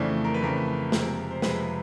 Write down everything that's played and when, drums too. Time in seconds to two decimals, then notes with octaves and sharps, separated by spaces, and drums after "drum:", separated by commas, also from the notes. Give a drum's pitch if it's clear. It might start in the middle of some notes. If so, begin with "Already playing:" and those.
Already playing: F2 C#3 E3 A3 D4
0.24 A#4
0.34 B4
0.42 F2 C#3 E3 A3 A#4
0.92 F2 C3 F3 G#3, drum: snare
1.31 C5
1.42 F2 C3 F3 G#3 B4, drum: snare